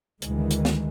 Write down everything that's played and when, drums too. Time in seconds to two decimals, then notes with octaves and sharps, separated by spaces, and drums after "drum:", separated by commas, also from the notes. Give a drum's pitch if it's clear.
0.22 D2 D#3 E3 G#3, drum: hi-hat
0.51 drum: hi-hat
0.65 drum: snare